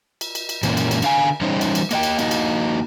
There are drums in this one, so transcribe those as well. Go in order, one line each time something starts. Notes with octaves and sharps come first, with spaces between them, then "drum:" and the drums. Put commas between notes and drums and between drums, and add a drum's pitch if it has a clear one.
drum: cymbal
drum: cymbal
drum: cymbal
F#2 A#2 E3 A#3 C#4, drum: cymbal
drum: cymbal
drum: cymbal
D3 F5 G#5, drum: cymbal
E3 G3 C#4 D#4 C5 C#5
drum: cymbal
drum: cymbal
A#3 D#5 G5, drum: cymbal
drum: cymbal
A#3 D#4 F#4 D#5, drum: cymbal
drum: cymbal